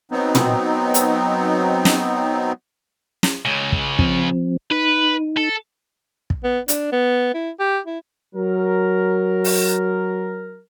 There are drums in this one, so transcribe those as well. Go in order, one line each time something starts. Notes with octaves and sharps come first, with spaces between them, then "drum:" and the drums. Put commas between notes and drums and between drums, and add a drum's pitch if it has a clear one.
F#3 B3 C4 D#4
drum: tom
drum: hi-hat
drum: snare
drum: snare
C#2 C#3
drum: kick
F3 C4, drum: kick
D#4 B4
A4
drum: kick
B3
D4, drum: hi-hat
B3
E4
G4
E4
F#3 A#4
drum: open hi-hat